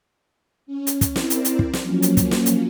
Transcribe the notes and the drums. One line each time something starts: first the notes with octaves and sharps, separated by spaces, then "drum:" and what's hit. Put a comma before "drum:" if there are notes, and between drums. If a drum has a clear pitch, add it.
C#4
drum: hi-hat
drum: kick, hi-hat
C4 E4 A#4 C5 D5, drum: snare
drum: hi-hat
drum: hi-hat
drum: kick
drum: snare
F3 F#3 A#3 C#4
drum: hi-hat
drum: kick, hi-hat
drum: snare
drum: hi-hat